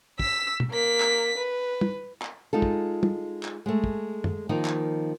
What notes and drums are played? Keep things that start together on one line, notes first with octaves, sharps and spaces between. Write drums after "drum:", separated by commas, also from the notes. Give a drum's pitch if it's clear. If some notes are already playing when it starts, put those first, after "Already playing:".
E6 B6, drum: kick
drum: tom
A#3 B6
drum: clap
B4
drum: tom
drum: clap
G#3 D#4 F4 A4
drum: kick
drum: tom
drum: clap
G#3 A3
drum: kick
drum: tom
D#3 F3 A#3 D#4
drum: clap